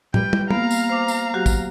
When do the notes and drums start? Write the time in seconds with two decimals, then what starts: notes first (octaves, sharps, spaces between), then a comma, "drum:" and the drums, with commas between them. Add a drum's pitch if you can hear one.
0.14 G3 B4 G5, drum: tom
0.33 drum: tom
0.50 A#3 B3 F5 A#5, drum: tom
0.71 drum: tambourine
0.90 C5 D6
1.08 drum: tambourine
1.34 F#3 F#4 G4
1.46 drum: kick, tambourine